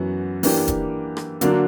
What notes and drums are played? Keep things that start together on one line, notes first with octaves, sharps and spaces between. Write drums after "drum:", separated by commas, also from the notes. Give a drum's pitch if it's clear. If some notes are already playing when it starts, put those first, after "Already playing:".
Already playing: F#2 E3 B3 F#4
E3 A#3 D4 G4, drum: open hi-hat
drum: kick E1, hi-hat
drum: rim click
D3 F#3 A#3 D4, drum: hi-hat